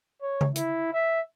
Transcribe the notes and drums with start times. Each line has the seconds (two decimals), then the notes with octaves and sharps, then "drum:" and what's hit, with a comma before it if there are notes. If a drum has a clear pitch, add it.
0.22 C#5
0.41 drum: tom C#3
0.56 E4, drum: hi-hat
0.93 E5